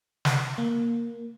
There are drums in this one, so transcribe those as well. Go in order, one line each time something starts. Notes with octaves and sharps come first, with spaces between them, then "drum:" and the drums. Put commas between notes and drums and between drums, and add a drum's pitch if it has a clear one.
drum: snare
A#3